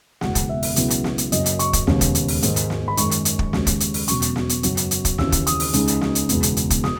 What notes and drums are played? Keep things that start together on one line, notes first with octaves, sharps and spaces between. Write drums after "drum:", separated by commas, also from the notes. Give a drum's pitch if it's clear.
F#1 E2 B2 G#3 F#5, drum: snare
drum: kick, hi-hat
E5
drum: open hi-hat
C#2 B2 F#3 B3 E4, drum: hi-hat
drum: hi-hat
drum: snare
drum: hi-hat
F#2 C#3 F#3 A#3 D#5, drum: hi-hat
drum: hi-hat
C#6, drum: hi-hat
drum: kick, hi-hat
E1 D#2 C#3 G#3 B3, drum: snare
drum: kick, hi-hat
drum: hi-hat
drum: open hi-hat
G#2 D#3 G#3, drum: hi-hat
drum: hi-hat
drum: snare
B5
F#2 D#3 G#3 C#4 C#6, drum: hi-hat
drum: hi-hat
drum: hi-hat
drum: kick
D#2 C#3 G#3, drum: snare
drum: kick, hi-hat
drum: hi-hat
drum: open hi-hat
E1 E2 B2 F#3 C#4 C#6, drum: hi-hat
drum: hi-hat
drum: snare
drum: hi-hat
F#2 C#3 F#3 B3, drum: hi-hat
drum: hi-hat
drum: hi-hat
drum: kick, hi-hat
D#2 C#3 E3 E6, drum: snare
drum: kick, hi-hat
D#6, drum: hi-hat
drum: open hi-hat
C#2 C#3 G#3 D#4, drum: hi-hat
drum: hi-hat
drum: snare
drum: hi-hat
F#1 E2 B2 G#3, drum: hi-hat
drum: hi-hat
drum: hi-hat
drum: kick, hi-hat
D#6, drum: snare